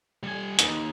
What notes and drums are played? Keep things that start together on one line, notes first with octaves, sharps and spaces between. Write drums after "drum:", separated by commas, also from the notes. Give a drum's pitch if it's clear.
G3 G#5
D#2 D#4 B4, drum: hi-hat